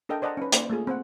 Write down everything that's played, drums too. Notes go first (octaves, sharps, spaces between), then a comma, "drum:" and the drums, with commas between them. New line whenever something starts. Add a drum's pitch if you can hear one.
D4 A4 A#4 D#5 G5
C5 D5 D#5 F#5 A5 A#5
C#4 D#4 B4
A#3 C5 D5, drum: hi-hat
A3 A#3 F4 G#4
C4 C5 F#5